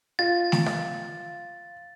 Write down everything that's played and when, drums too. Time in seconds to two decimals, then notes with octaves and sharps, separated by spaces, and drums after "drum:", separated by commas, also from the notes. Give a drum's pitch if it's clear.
0.19 F4 A6
0.52 drum: snare
0.66 drum: rim click